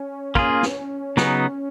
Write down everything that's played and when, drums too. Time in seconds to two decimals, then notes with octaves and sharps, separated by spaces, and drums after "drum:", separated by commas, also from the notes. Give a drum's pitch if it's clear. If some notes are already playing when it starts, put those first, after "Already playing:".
Already playing: C#4
0.35 A#3 F4 G#4, drum: kick
0.63 drum: snare
1.17 C#3 F#3 B3 D#4, drum: snare